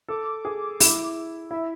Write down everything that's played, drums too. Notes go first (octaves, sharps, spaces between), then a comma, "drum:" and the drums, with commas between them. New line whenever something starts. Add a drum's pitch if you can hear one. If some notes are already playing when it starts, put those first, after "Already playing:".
A4 D6
G#4
E4, drum: open hi-hat
E4 E5